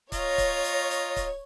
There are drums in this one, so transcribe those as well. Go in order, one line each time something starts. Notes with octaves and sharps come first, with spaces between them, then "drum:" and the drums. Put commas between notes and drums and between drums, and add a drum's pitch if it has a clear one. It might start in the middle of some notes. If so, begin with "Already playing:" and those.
F4 C#5 D#5 A#5, drum: kick C#1, hi-hat
drum: kick C#1, hi-hat
drum: hi-hat
drum: hi-hat
drum: kick C#1, hi-hat